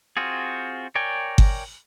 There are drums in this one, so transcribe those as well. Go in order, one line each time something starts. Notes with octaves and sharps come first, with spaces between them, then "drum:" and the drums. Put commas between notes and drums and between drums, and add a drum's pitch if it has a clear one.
C4 F4 F#4 G#4
A#4 C#5 D5 G5 G#5
drum: kick G1